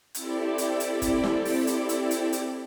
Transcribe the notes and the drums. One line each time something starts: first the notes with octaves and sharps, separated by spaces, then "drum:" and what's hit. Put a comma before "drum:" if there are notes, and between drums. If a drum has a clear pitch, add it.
C4 E4 G4 A4 D5, drum: hi-hat
drum: hi-hat
drum: hi-hat
drum: kick F#1, hi-hat
drum: snare
drum: open hi-hat
drum: hi-hat
drum: hi-hat
drum: hi-hat
drum: hi-hat